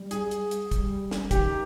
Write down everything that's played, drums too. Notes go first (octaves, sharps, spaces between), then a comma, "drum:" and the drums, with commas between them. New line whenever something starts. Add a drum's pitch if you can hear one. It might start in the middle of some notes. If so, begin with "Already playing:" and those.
Already playing: G3
G#4, drum: hi-hat
drum: hi-hat
drum: hi-hat
G3, drum: kick, hi-hat
drum: snare
D#3 G4, drum: kick, hi-hat